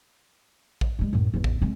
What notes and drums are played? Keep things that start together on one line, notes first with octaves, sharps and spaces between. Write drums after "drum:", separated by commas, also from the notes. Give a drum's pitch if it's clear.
drum: kick
G2 G#3
F#2 A2
A1 E2
drum: kick
F2 G#3